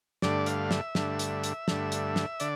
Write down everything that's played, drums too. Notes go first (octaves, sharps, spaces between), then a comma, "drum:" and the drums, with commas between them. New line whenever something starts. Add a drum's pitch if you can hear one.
G2 D3 A3 D5, drum: snare
F5, drum: hi-hat
E5, drum: snare
G2 D3 A3, drum: snare
drum: hi-hat
drum: hi-hat
G2 D3 A3, drum: snare
drum: hi-hat
drum: snare
D3 D5, drum: hi-hat